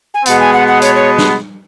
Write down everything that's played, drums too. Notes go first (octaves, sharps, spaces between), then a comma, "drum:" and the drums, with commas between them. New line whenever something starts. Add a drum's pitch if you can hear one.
G#5
B2 G#3 B3 F#5, drum: hi-hat
G#5
F#5
F#5
C#5, drum: hi-hat
C#5
drum: snare